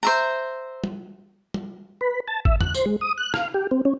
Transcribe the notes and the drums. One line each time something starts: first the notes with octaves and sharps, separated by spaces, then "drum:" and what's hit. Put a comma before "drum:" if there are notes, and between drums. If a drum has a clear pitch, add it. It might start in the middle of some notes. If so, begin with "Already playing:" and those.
C5 E5 A#5
drum: tom
drum: tom
B4
A5
E5, drum: kick G#1
F#6, drum: tom E2
C5, drum: tambourine
G#3
D#6
F#6
F5, drum: rim click
G4
C4
C#4